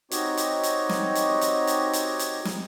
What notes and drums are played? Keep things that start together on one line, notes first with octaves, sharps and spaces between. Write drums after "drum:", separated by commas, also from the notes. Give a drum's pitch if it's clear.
C4 D#4 F#4 G4 C#5 D#5, drum: hi-hat
drum: hi-hat
drum: hi-hat
drum: snare
drum: hi-hat
drum: hi-hat
drum: hi-hat
drum: hi-hat
drum: hi-hat
drum: snare